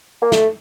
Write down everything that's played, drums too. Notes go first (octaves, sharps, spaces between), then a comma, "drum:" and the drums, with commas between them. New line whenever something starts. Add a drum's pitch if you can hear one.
A#3
A3, drum: snare